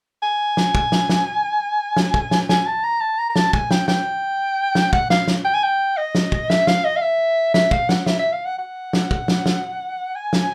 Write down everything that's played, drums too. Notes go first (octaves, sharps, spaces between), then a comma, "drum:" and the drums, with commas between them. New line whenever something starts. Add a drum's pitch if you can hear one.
G#5
drum: snare
drum: kick
drum: snare
drum: snare
drum: snare
drum: kick
drum: snare
G#5, drum: snare
A5
A#5
A5
A#5
A#5
A5, drum: snare
G#5, drum: kick
G5, drum: snare
G5, drum: snare
drum: snare
F#5, drum: kick
F5, drum: snare
drum: snare
G5
G#5
G5
D#5
drum: snare
drum: kick
E5, drum: snare
F5, drum: snare
D#5
F5
E5
E5, drum: snare
F5, drum: kick
F#5, drum: snare
E5, drum: snare
E5
F5
F#5
F#5
drum: snare
drum: kick
drum: snare
drum: snare
G#5
drum: snare